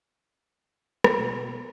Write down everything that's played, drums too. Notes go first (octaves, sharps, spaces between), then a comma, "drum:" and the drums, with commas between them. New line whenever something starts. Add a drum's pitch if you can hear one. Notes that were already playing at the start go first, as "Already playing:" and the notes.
drum: rim click
B2